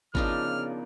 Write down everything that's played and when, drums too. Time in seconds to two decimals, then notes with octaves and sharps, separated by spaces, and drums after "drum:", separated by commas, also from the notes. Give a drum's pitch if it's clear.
0.15 C#3 F3 B3 D4 D#4 F4 A#4 F6, drum: kick